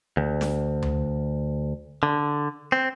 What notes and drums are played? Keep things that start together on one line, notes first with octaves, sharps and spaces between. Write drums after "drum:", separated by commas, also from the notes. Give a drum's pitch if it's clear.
D2
drum: snare
drum: tom D2
D3
C4